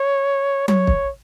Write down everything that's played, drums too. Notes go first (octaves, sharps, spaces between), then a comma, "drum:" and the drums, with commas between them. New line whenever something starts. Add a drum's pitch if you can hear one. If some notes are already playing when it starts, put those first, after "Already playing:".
Already playing: C#5
C#5, drum: tom F#3
drum: kick